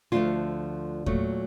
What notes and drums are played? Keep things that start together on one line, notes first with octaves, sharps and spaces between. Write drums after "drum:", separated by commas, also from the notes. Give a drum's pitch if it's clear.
D2 D3 F3 A3 F4
A#2 F#3 A3, drum: kick E2